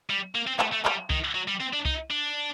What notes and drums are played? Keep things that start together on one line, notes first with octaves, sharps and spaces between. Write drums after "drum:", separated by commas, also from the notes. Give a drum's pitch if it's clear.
G3
A#3
C4
A3, drum: clap
A3
G3, drum: clap
D#3, drum: kick C2
F#3
G3
C4
D4
D#4, drum: kick C2
D4